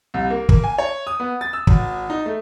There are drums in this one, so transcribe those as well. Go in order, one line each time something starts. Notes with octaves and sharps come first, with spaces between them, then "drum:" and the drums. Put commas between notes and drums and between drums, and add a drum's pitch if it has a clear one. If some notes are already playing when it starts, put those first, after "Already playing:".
C2
A#3
A#3, drum: kick
G#5
C#5
D#6
B3
A6
E6
G#1, drum: kick
D#4
A3